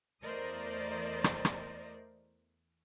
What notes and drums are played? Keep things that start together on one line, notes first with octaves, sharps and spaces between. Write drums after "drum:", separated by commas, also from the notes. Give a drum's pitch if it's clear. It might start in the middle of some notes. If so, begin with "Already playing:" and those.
E2 A3 A#4 C5 D5 D#5
drum: rim click
drum: rim click